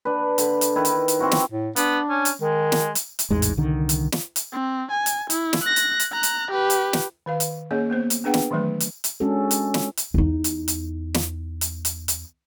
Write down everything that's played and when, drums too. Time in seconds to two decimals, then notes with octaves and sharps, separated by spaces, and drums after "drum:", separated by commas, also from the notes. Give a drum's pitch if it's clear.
0.05 D4 B4
0.38 D3 B5, drum: hi-hat
0.61 drum: hi-hat
0.75 D#3 E4 B4
0.85 drum: hi-hat
1.08 drum: hi-hat
1.19 C4 E4 F#4 A#4
1.31 drum: snare
1.51 A2
1.76 B3 D4, drum: hi-hat
2.10 C#4
2.25 drum: hi-hat
2.42 D#3 G#3
2.72 drum: snare
2.95 drum: hi-hat
3.19 drum: hi-hat
3.30 A1 E2 G#2 G#3
3.42 drum: hi-hat
3.57 C2 D3 D#3
3.89 drum: hi-hat
4.12 drum: snare
4.36 drum: hi-hat
4.52 C4
4.91 G#5
5.06 drum: hi-hat
5.30 E4, drum: hi-hat
5.53 drum: snare
5.63 F#6 A#6
5.76 drum: hi-hat
6.00 drum: hi-hat
6.12 A#5 F#6
6.23 drum: hi-hat
6.51 G4 B4
6.70 drum: hi-hat
6.93 drum: snare
7.26 D#3 B4 F5
7.40 drum: hi-hat
7.71 A#3 C#4 G#4 C#5 D#5
7.90 A#3 B3 C5
8.10 drum: hi-hat
8.24 B3 D4 G#4 B4 F#5 G5
8.34 drum: snare
8.51 D#3 E3 F#3 A3 B4
8.80 drum: hi-hat
9.04 drum: hi-hat
9.20 G#3 C#4 D4 F#4 A4
9.51 drum: hi-hat
9.74 drum: snare
9.97 drum: hi-hat
10.14 E2 D#4
10.44 drum: hi-hat
10.68 drum: hi-hat
11.14 drum: snare
11.61 drum: hi-hat
11.85 drum: hi-hat
12.08 drum: hi-hat